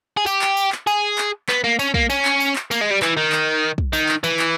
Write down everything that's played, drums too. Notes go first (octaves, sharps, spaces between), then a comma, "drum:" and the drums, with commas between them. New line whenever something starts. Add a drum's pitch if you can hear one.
G#4
G4, drum: tambourine
drum: clap
drum: tambourine
drum: clap
G#4, drum: tambourine
drum: clap
B3, drum: clap
A#3
C#4, drum: tambourine
A#3, drum: kick
C#4, drum: tambourine
drum: clap
drum: tambourine
drum: clap
A#3, drum: tambourine
G#3
G3
E3, drum: clap
D#3
drum: clap
drum: kick
D#3, drum: tambourine
drum: clap
E3, drum: tambourine
drum: clap